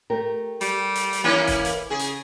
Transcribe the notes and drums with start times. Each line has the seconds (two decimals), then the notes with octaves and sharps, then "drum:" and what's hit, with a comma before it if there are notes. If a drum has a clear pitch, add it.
0.10 A3 G4 A#4
0.61 G3, drum: hi-hat
0.96 drum: hi-hat
1.13 drum: hi-hat
1.24 E3 A#3 C#4 E4
1.47 drum: kick, hi-hat
1.65 drum: hi-hat
1.90 C#3 G#4
1.99 drum: hi-hat